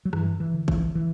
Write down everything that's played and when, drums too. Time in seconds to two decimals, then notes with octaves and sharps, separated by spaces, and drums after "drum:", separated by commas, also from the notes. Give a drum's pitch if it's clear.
0.05 F#3
0.13 G2 E3, drum: rim click
0.40 E3
0.54 D3
0.68 E3, drum: kick G#1
0.95 E3